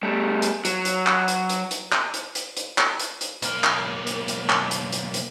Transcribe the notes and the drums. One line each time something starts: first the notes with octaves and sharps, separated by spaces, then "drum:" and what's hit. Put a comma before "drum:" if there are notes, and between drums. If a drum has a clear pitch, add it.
G3 A3
drum: hi-hat
F#3, drum: hi-hat
drum: hi-hat
drum: clap
drum: hi-hat
drum: hi-hat
drum: hi-hat
drum: clap
drum: hi-hat
drum: hi-hat
drum: hi-hat
drum: clap
drum: hi-hat
drum: hi-hat
B1 A#3, drum: hi-hat
drum: clap
drum: hi-hat
drum: hi-hat
drum: clap
drum: hi-hat
drum: hi-hat
drum: hi-hat